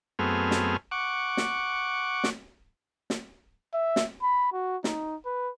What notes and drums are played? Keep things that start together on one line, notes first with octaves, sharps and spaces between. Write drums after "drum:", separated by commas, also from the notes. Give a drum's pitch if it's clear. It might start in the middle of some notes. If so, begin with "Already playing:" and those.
F#2 A3 B3 C4 G#4 F6
drum: snare
F#5 C#6 D6
drum: snare
drum: snare
drum: snare
E5
drum: snare
B5
F#4
D#4, drum: snare
B4